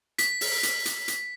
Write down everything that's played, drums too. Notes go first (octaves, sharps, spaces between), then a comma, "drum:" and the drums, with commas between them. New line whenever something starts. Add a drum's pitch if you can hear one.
B6, drum: hi-hat
drum: open hi-hat
drum: hi-hat
drum: hi-hat
drum: hi-hat